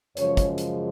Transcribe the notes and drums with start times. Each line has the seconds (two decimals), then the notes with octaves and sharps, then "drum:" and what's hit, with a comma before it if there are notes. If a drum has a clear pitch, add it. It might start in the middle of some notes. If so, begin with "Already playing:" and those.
0.17 F#2 C#3 F3 G#3 C#5, drum: hi-hat
0.37 drum: kick, hi-hat
0.58 drum: hi-hat